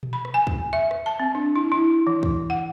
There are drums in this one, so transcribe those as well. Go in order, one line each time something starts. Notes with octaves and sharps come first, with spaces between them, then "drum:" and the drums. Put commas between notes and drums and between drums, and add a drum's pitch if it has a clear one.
drum: tom A#2
B5
drum: rim click
G#5
drum: kick
E5
drum: rim click
A5
C4
D4
E4
E4
E3
drum: kick
F#5